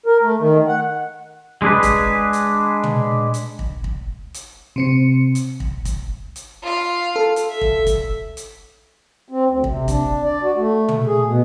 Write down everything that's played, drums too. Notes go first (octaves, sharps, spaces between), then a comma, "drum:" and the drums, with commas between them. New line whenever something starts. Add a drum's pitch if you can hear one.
A#4
A3
D#3
F#5
G#3 D4 G#4 B4
drum: kick, hi-hat
drum: hi-hat
drum: tom
drum: hi-hat
drum: kick
drum: kick
drum: hi-hat
C3 C4 C#7
drum: hi-hat
drum: kick
drum: kick, hi-hat
drum: hi-hat
F4 F5
A4
drum: hi-hat
E5
drum: kick
drum: kick, hi-hat
drum: hi-hat
C4
D2
C3, drum: kick
D4, drum: kick, hi-hat
D5
F#4
A3
drum: tom
G#4
B2